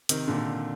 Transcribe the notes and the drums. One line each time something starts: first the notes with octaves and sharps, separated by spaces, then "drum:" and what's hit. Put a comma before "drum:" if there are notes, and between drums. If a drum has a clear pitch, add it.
C3 D#3, drum: hi-hat
A#2 D3